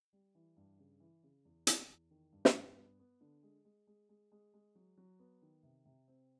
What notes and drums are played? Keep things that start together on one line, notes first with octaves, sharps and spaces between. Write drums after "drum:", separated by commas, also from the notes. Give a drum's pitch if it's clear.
G3
E3
G2
C#3
E3
C#3
E2
E2, drum: hi-hat
E2
D#3
G2
drum: snare
G2
B3
B3
D3
G#3
G#3
G#3
G#3
G#3
G#3
F#3
F#3
B3
D#3
C3
C3
C4